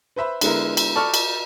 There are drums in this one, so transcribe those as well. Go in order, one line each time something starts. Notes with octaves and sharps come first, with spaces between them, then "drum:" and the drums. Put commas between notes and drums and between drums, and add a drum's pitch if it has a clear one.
B4 C5 E5 B5
D3 G#3 B3 E4 A#4, drum: cymbal
drum: cymbal
A4 D5 A5 C#6 F6
drum: cymbal